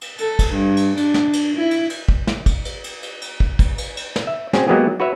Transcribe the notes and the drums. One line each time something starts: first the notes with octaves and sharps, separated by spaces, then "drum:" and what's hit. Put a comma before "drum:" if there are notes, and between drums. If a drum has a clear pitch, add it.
drum: cymbal
A4, drum: cymbal
drum: kick, cymbal
G2
drum: cymbal
D4, drum: cymbal
drum: snare
drum: cymbal
E4
drum: cymbal
drum: cymbal
drum: kick
drum: snare
drum: kick, cymbal
drum: cymbal
drum: cymbal
drum: cymbal
drum: cymbal
drum: kick
drum: kick, cymbal
drum: cymbal
drum: cymbal
drum: snare
E5
C4 C#4 F#4 G#4 C5, drum: snare
F#3 G#3 A#3 B3 G4 G#4
F#4 B4 C#5 E5